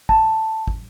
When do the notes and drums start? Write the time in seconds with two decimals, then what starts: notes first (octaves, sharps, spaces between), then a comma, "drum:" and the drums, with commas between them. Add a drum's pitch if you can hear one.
0.09 A5, drum: kick
0.67 drum: kick